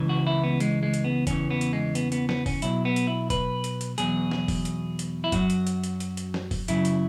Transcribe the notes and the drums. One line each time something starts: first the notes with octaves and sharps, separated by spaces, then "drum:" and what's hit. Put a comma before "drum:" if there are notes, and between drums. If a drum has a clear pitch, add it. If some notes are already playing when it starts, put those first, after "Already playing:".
Already playing: C#2 C#3 E3
F#4
E4
B3
G#3, drum: hi-hat
G#3
drum: hi-hat
B3
E2 C#3 E3 C#4, drum: kick, hi-hat
B3
drum: hi-hat
G#3
B3, drum: hi-hat
B3, drum: hi-hat
B3, drum: snare
C#4, drum: kick, open hi-hat
B1 B2 F#3 E4, drum: hi-hat
B3
drum: hi-hat
E4
B4, drum: kick, hi-hat
drum: hi-hat
drum: hi-hat
E2 B2 F#3 G#4, drum: hi-hat
drum: snare
drum: kick, open hi-hat
drum: hi-hat
drum: hi-hat
E4
F#2 F#3 F#4, drum: kick, hi-hat
drum: hi-hat
drum: hi-hat
drum: hi-hat
drum: hi-hat
drum: hi-hat
drum: snare
drum: kick, open hi-hat
F#2 C#3 F#3 E4, drum: hi-hat
drum: hi-hat